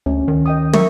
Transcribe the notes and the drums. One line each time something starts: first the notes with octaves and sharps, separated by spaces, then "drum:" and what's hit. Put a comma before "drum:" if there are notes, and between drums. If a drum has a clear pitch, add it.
D2 C#4
D#3
D#5 G5 D#6
A#4 E5 C#6, drum: tom